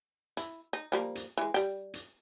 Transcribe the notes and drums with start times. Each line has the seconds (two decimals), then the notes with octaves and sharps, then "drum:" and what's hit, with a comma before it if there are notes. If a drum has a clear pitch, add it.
0.37 E4, drum: hi-hat
0.73 D#4
0.92 F3 G3 A#3
1.15 drum: hi-hat
1.37 E3 G#3
1.54 G3 G5, drum: hi-hat
1.94 drum: hi-hat